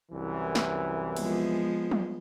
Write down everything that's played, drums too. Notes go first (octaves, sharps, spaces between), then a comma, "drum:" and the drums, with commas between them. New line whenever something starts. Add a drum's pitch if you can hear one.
C2 F#2 E3
drum: snare
F3 G#3 B3, drum: cymbal
drum: tom